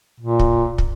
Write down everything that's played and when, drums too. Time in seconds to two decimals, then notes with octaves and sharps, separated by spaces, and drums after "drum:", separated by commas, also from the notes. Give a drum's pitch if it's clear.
0.20 A#2
0.39 drum: kick
0.78 drum: kick